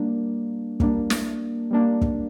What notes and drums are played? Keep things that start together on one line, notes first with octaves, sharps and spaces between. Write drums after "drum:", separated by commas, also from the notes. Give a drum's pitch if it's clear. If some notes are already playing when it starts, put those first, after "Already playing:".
Already playing: G3 A#3 D4
G3 A#3 D4, drum: kick
drum: snare
G3 A#3 D4
drum: kick